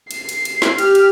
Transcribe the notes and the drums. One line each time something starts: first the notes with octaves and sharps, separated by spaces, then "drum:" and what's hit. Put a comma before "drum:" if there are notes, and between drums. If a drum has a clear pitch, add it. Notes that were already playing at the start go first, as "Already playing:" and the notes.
C7, drum: cymbal
drum: cymbal
drum: cymbal
drum: snare
G4 F6, drum: cymbal
drum: cymbal